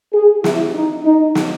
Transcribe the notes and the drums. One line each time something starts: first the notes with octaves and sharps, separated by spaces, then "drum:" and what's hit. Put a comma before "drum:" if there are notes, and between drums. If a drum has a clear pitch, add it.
G#4
E4, drum: snare
D#4
D#4
drum: snare